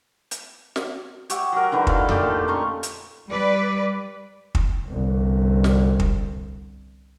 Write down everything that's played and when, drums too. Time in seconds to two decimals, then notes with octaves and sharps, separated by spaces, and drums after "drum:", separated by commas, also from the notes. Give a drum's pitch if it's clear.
0.31 drum: hi-hat
0.76 drum: snare
1.30 G4 C#5 E5 F#5, drum: hi-hat
1.53 F#3 A#4
1.72 D3 E3 F#3 D#4
1.87 A4 F5 G#5, drum: kick
2.09 A#2 A3 G4 A4, drum: tom F2
2.48 C#4 A#5 C6 C#6
2.83 drum: hi-hat
3.30 G3 B4 D5
4.55 drum: kick
4.87 G1 C2
5.64 drum: snare
6.00 drum: kick